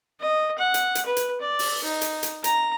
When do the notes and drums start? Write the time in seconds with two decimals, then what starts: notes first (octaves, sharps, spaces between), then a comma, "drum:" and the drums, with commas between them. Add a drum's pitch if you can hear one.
0.20 D#5
0.58 F#5
0.74 drum: hi-hat
0.95 drum: hi-hat
1.06 B4
1.17 drum: hi-hat
1.41 D5
1.59 drum: open hi-hat
1.84 D#4
2.01 drum: hi-hat
2.23 drum: hi-hat
2.44 A#5, drum: hi-hat